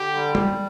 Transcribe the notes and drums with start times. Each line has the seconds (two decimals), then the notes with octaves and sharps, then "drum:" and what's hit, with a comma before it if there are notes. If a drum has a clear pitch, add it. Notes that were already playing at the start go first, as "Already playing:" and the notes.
Already playing: D3 G4
0.15 G3
0.35 drum: tom